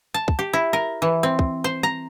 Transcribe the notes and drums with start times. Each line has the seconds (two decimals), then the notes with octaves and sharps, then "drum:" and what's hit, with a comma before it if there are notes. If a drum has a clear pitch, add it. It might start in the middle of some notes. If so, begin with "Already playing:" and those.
0.14 A5
0.28 drum: kick
0.39 G4
0.53 E4
0.73 A#4
1.02 E3
1.23 C4
1.39 drum: kick
1.64 C5
1.83 A#5